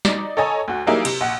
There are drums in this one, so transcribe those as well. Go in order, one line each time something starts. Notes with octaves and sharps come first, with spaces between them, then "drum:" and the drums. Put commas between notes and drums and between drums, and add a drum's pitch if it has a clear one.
D#4 D5, drum: snare
A4 C#5 D#5 G#5 A#5
D2 F#4
F#3 G3 A#3 D#4 E4 G#4
C3, drum: cymbal
A#1 F#5